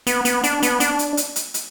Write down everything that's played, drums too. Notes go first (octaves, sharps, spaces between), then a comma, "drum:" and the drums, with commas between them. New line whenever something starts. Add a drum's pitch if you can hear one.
B3, drum: hi-hat
B3, drum: hi-hat
D4, drum: hi-hat
B3, drum: hi-hat
D4, drum: hi-hat
drum: hi-hat
drum: hi-hat
drum: hi-hat
drum: hi-hat